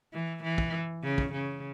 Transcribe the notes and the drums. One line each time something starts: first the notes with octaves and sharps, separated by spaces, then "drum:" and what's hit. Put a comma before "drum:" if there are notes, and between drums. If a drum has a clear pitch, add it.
E3
E3
drum: kick
C#3
drum: kick
C#3